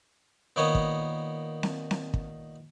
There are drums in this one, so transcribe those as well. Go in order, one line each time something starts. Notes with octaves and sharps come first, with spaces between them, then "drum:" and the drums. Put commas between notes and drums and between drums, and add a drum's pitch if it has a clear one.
A#2 D#3 B3 D#4 C#5 D#5
drum: kick
drum: snare C4
drum: snare C4
drum: kick